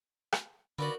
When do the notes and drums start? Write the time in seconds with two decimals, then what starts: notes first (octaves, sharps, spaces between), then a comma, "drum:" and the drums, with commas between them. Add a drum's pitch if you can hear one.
0.32 drum: rim click
0.79 D3 A#3 D#4 F#4 B4 D5